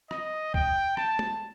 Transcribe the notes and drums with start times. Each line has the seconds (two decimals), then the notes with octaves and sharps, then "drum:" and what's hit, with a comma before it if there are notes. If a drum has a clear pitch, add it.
0.11 D#5, drum: rim click
0.54 G5, drum: kick
0.97 A5, drum: rim click
1.19 drum: tom G#3